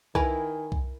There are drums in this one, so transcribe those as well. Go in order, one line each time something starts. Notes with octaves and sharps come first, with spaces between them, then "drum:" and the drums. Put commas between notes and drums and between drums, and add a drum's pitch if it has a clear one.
D#3 E4 A#4 B4 G#5, drum: kick C2
drum: kick C2